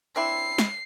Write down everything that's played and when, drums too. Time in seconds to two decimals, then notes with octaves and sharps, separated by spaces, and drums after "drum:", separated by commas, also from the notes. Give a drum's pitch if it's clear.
0.16 C4 D4 E4 C7
0.58 drum: snare